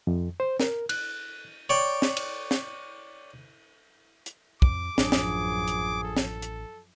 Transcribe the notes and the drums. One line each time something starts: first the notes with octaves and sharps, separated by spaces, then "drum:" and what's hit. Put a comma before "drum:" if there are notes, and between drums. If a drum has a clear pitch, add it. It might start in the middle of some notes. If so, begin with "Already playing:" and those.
F2
C5
A#4, drum: snare
F#6, drum: cymbal
C#5 D5 G5
drum: snare
drum: cymbal
drum: snare
drum: hi-hat
F2 D6, drum: kick
A1 F#2 F3 D4 G#4, drum: snare
drum: snare
drum: hi-hat
A4
drum: snare
drum: hi-hat